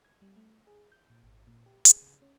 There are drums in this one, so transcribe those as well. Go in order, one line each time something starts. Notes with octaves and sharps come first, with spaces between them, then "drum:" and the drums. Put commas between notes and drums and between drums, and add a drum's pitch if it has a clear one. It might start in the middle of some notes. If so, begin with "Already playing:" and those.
G#6
G3
A3
G#4
G6
A#2
G#1
A#2
G4
G#4, drum: hi-hat
C#3
C#4